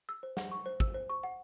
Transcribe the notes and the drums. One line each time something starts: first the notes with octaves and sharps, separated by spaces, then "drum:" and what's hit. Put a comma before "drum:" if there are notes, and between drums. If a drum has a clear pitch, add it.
E6
C5
F#5, drum: snare
C#6
C5
E6, drum: kick
C5
C#6
F#5